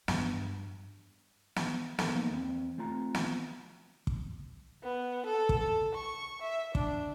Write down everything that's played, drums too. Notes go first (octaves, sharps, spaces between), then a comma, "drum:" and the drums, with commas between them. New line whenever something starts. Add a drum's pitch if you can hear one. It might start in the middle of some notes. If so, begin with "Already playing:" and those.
G2 G3, drum: snare
drum: snare
A4 A#4 C6, drum: snare
F3 A#3 D#4
E2 C4
A3 C4 F4 A#5
drum: snare
drum: kick
B3
A4
drum: kick
A4
C#6
E5
D4, drum: kick